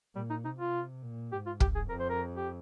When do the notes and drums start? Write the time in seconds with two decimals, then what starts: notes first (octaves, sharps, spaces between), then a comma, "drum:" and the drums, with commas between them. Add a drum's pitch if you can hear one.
0.15 A#2 G3
0.30 D#4
0.44 C3 D#4
0.59 F4
1.03 A#2
1.32 G#2 G4
1.46 F4
1.60 G2 G4, drum: kick
1.75 G#4
1.89 F2 A#4
2.00 C5
2.09 A#4
2.36 G4